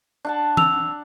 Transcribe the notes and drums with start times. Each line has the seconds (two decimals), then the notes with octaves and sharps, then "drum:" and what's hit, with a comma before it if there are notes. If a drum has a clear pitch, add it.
0.25 D4 F#5 A5
0.57 E6 F7, drum: tom E3